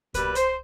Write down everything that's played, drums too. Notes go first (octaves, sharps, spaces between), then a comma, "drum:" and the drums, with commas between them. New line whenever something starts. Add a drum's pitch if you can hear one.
B2 G3 A#3 B4, drum: kick C2, hi-hat
C5, drum: hi-hat